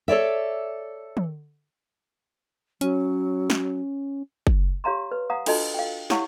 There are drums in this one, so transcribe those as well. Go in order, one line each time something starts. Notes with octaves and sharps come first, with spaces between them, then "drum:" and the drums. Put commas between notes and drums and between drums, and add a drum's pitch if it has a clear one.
A4 C#5 D5 E5
drum: tom
F#3 C#4, drum: hi-hat
drum: snare
drum: kick F#1
G4 C#5 F5 A#5 C6
B4
F5 F#5 A#5 D#6
D4 F4 F#4 A4 D#5 A5, drum: cymbal
F5 G5
E4 G4 C#5 F5 F#5 C#6, drum: snare